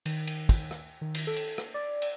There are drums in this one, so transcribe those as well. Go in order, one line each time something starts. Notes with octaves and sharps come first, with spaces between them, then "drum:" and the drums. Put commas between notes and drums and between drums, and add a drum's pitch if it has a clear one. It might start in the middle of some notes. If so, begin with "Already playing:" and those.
D#3, drum: cymbal
drum: cymbal
drum: kick, cymbal
drum: rim click
D#3
drum: cymbal
A4
drum: cymbal
drum: rim click
D5
drum: cymbal